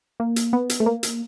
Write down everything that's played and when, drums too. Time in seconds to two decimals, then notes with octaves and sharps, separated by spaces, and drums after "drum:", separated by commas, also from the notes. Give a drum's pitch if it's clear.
0.20 A#3
0.36 drum: hi-hat
0.53 B3
0.70 drum: hi-hat
0.80 A3
0.86 A#3
1.03 drum: hi-hat